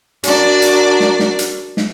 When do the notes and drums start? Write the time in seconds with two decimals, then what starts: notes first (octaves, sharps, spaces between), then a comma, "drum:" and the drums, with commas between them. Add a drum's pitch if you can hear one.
0.23 D4 F#4 A#4 D5, drum: hi-hat
0.62 drum: hi-hat
1.00 drum: snare
1.19 drum: snare
1.39 drum: hi-hat
1.77 drum: snare